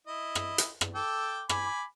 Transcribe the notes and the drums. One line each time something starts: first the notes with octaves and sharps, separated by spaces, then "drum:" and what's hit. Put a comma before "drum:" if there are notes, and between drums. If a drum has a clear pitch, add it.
E4 D#5
drum: rim click
drum: hi-hat
drum: rim click
A4 G5 D6
G#5 B5 D6, drum: rim click